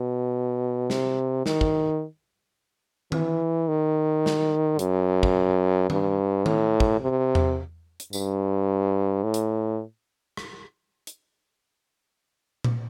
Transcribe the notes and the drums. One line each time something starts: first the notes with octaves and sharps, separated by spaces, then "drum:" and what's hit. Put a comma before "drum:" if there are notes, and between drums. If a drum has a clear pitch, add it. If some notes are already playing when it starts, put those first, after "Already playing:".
Already playing: B2
C3, drum: snare
D#3, drum: snare
drum: kick
E3, drum: tom D#3
D#3
drum: snare
F#2, drum: hi-hat
drum: kick
G2, drum: tom D#3
A2, drum: tom D#3
drum: kick
C3
drum: tom E2
drum: hi-hat
G2, drum: tambourine
A2
drum: hi-hat
drum: rim click
drum: hi-hat
drum: tom A#2